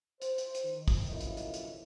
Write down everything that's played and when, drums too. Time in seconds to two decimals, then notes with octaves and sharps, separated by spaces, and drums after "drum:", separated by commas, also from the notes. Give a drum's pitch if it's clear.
0.22 C5, drum: hi-hat
0.38 drum: hi-hat
0.55 drum: hi-hat
0.65 D#3
0.88 drum: kick, open hi-hat
1.10 B1 F2 C#3 A#3 E4 D#5
1.21 drum: hi-hat
1.37 drum: hi-hat
1.54 drum: hi-hat